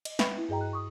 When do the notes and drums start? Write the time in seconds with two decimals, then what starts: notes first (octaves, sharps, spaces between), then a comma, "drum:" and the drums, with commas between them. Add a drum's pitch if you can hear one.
0.05 D#5, drum: cymbal
0.19 B4 E5 G5 B5 C#6, drum: snare
0.37 E4
0.49 G2 G#4 D#5 G5 A#5
0.61 F#6
0.73 C#6 D#6